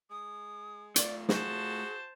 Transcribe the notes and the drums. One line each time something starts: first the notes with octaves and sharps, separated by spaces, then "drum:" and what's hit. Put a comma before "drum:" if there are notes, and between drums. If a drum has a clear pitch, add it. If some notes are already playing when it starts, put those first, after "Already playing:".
G#3 D#6
A3 F4 D5, drum: hi-hat
F#4 G#4 C5 A5, drum: snare